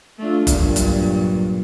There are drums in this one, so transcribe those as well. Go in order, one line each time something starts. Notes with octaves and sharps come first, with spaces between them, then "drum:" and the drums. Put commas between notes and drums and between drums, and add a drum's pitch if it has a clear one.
A3 D4 F4
G2 A#2 F#3, drum: kick F#1, hi-hat
drum: hi-hat